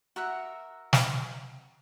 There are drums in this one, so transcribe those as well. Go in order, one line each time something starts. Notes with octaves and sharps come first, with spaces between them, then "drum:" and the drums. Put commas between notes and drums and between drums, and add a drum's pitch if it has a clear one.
F#4 A#4 E5 F#5
drum: snare